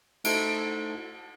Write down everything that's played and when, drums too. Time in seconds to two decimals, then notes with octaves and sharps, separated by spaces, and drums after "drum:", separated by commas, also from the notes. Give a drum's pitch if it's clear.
0.24 A3 D#4 E4 F#4 A4 C5, drum: cymbal